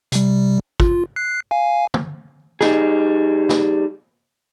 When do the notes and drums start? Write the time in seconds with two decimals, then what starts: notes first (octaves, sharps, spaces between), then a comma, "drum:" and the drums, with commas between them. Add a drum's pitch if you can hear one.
0.12 C3 G3, drum: hi-hat
0.80 F4, drum: kick
1.16 F#6 C7
1.51 F5 G#5
1.94 drum: tom
2.61 G3 D#4 G#4, drum: snare
3.49 drum: snare